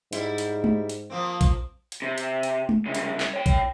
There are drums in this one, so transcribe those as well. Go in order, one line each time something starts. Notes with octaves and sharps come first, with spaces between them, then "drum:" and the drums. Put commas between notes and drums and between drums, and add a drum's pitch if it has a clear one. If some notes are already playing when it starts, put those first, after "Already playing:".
G#2 G3 E4, drum: hi-hat
drum: hi-hat
drum: tom G#3
drum: hi-hat
F3 A#3 C4
drum: kick, hi-hat
drum: hi-hat
C3
drum: hi-hat
drum: hi-hat
drum: tom G#3
C2 C#3
drum: hi-hat
drum: clap
C#5 G5
drum: kick, hi-hat